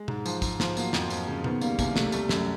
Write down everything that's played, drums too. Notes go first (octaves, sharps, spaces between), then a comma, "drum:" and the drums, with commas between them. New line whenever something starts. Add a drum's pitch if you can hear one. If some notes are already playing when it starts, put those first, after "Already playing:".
Already playing: G#3
G#2, drum: tom
F3, drum: tambourine
G#2, drum: kick, tambourine
F3, drum: snare
F#3 A#3, drum: tambourine
F2, drum: snare
F2, drum: tambourine
C#3
D#3 B3, drum: tom
G3 A#3, drum: tambourine
C2 A#3, drum: kick, tambourine
C3 A3, drum: snare
G3 A3, drum: tambourine
F#2, drum: snare